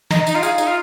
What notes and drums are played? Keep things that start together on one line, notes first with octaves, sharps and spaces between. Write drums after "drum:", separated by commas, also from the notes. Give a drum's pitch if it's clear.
D#5 A#5, drum: snare
D#4, drum: tambourine
F4
G#4 F5, drum: tambourine
D#4 D#5, drum: tambourine
F4